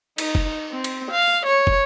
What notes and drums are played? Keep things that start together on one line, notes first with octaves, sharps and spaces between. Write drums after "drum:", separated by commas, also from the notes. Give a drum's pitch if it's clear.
D#4, drum: cymbal
drum: kick
C4
drum: cymbal
F5
C#5
drum: kick